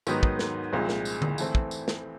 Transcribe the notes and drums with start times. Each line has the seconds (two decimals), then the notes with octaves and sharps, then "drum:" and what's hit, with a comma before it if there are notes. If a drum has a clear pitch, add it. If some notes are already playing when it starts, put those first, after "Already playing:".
0.07 G#2 D#3 F#3 B3 D#4, drum: tambourine
0.23 drum: kick
0.39 drum: snare
0.72 C2 A#2 F3 G#3
0.89 drum: snare
1.05 drum: tambourine
1.22 drum: tom D3
1.38 E3 A3 C4, drum: tambourine
1.55 drum: kick
1.71 drum: tambourine
1.88 drum: snare